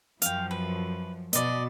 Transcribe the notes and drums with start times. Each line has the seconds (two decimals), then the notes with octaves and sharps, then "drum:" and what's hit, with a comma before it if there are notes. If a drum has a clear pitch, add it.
0.22 F#2 F3 F5 G5, drum: hi-hat
0.51 B4
1.33 B2 D5 D#5, drum: hi-hat